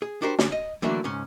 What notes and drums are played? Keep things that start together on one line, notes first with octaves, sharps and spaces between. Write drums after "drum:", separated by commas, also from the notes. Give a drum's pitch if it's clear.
G#4
D4 F#4 G4 A#4 C5
D3 G#3 D4, drum: snare
D#5
D3 E3 F#3 A3 A#3 D4
C#2 G#2 C#4